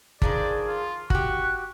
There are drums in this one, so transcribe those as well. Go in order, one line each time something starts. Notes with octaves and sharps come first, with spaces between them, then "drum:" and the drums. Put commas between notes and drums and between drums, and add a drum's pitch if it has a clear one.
D#3 F3 D4 G#4 D5, drum: kick G1
F4
F#4 G4 C#6 F#6, drum: kick G1